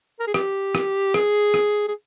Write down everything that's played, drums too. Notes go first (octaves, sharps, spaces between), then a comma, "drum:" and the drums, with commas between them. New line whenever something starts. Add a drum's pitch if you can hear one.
A#4
G#4
G4, drum: rim click
drum: rim click
G#4, drum: rim click
drum: rim click
G#4